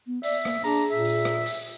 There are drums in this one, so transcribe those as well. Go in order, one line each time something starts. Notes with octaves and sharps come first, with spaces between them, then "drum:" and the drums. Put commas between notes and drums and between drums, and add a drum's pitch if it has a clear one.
B3
D5 E5, drum: open hi-hat
A#3, drum: rim click
D4 G#4 A#5, drum: open hi-hat
A#2 E5
drum: open hi-hat
drum: rim click
drum: open hi-hat